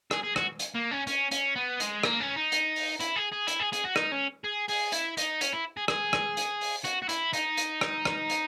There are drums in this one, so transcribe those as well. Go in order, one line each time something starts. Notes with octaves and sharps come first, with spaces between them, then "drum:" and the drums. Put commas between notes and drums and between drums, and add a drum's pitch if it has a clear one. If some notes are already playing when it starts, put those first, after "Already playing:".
G#4, drum: rim click
G#4
F#4, drum: rim click
drum: hi-hat
A#3
C#4
C#4, drum: hi-hat
C#4, drum: hi-hat
B3
G#3, drum: hi-hat
A#3, drum: rim click
C#4
D#4
drum: hi-hat
drum: open hi-hat
E4, drum: hi-hat
G#4
G#4
E4, drum: hi-hat
G#4
G#4, drum: hi-hat
F#4
D#4, drum: rim click
C#4
G#4
G#4, drum: open hi-hat
E4, drum: hi-hat
D#4, drum: hi-hat
C#4, drum: hi-hat
E4
G#4
G#4, drum: rim click
drum: rim click
drum: hi-hat
drum: open hi-hat
F#4, drum: hi-hat
F#4
E4, drum: hi-hat
D#4, drum: hi-hat
drum: hi-hat
drum: rim click
drum: rim click
drum: hi-hat